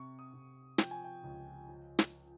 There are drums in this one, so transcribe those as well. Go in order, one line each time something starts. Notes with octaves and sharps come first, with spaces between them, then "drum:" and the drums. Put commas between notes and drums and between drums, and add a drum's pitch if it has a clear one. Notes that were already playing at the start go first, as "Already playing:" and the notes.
Already playing: C3 C#6
D#6
C3
F3 G5, drum: snare
G#5
G5
C#2
F3
drum: snare